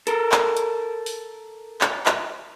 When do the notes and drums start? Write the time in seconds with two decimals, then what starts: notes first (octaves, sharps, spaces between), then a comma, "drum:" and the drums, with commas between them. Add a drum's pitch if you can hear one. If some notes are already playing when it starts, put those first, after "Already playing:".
0.07 A4 A#4, drum: hi-hat
0.32 drum: clap
0.57 drum: hi-hat
1.06 drum: open hi-hat
1.81 drum: clap
2.06 drum: clap